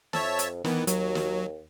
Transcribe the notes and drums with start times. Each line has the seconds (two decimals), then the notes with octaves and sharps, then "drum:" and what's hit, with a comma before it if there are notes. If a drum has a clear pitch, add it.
0.13 F2 C#5 E5 A5, drum: snare
0.39 drum: hi-hat
0.65 D#3 E3 B3, drum: snare
0.87 D#2 F#3, drum: hi-hat
1.15 drum: snare